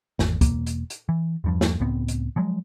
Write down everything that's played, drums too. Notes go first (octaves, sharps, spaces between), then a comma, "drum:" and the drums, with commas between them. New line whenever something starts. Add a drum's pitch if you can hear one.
G#1 E2, drum: snare
E1 E2 A#3, drum: kick, hi-hat
drum: hi-hat
drum: hi-hat
E3
E2 G2 F3
drum: snare
C#2 A2 B3 C4
drum: hi-hat
F3 F#3 G#3